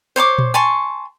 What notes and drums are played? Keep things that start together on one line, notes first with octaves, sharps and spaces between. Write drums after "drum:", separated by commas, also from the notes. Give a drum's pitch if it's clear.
C5 C#5 C6 D6
drum: tom A#2
G#5 A5 C6 C#6